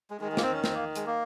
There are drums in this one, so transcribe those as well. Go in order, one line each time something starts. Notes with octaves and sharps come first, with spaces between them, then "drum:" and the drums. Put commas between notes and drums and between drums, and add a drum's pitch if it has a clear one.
G#3
D#3 G#3
G#3
A#3, drum: snare
C4
C#4
C4, drum: snare
A#3
G#3, drum: hi-hat
A#3